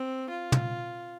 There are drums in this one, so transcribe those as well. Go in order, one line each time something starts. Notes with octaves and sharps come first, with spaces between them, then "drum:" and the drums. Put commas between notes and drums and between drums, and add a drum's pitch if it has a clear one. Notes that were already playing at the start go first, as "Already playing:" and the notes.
Already playing: C4
F4
drum: tom